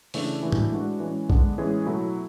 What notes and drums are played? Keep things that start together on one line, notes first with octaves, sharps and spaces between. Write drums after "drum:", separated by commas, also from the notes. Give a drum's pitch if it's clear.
C#3 E3 A3 D4 A4, drum: open hi-hat
E3 A3 D4 F#4
drum: tom
A2 G#3 D4 F#4 B4
E3 G#3 C#4
D3 G#3 B3 D4, drum: kick A#1
A2 E3 G#3 C#4 G#4
B2 F#3 A3 E4 A4